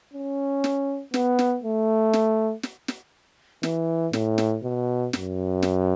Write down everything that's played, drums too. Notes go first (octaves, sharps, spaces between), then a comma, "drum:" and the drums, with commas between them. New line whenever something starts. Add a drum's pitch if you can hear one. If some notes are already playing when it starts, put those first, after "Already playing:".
C#4
drum: snare
B3, drum: snare
drum: snare
A3
drum: snare
drum: snare
drum: snare
E3, drum: snare
A2, drum: snare
drum: snare
B2
F#2, drum: snare
drum: snare